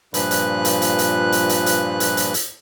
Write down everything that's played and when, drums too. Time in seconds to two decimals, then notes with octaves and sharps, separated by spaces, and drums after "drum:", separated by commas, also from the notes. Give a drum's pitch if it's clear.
0.14 G2 A#2 F3 B4 F#6, drum: hi-hat
0.31 drum: hi-hat
0.65 drum: hi-hat
0.82 drum: hi-hat
0.99 drum: hi-hat
1.32 drum: hi-hat
1.49 drum: hi-hat
1.66 drum: hi-hat
2.00 drum: hi-hat
2.17 drum: hi-hat
2.34 drum: hi-hat